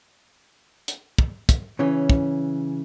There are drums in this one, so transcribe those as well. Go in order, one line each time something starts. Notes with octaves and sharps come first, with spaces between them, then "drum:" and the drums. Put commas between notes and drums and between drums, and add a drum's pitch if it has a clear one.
drum: hi-hat
drum: kick
drum: kick, hi-hat
C#3 E3 C#4
drum: kick